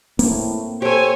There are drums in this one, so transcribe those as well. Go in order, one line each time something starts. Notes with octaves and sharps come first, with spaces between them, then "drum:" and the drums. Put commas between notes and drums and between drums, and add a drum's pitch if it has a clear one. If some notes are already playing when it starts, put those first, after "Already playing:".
A2 A#3 C4, drum: open hi-hat
G4 A4 C5 C#5 G#5